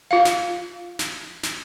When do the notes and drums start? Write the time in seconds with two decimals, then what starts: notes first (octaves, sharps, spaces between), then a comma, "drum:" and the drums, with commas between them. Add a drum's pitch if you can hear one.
0.11 F4 F5
0.25 drum: snare
0.99 drum: snare
1.43 drum: snare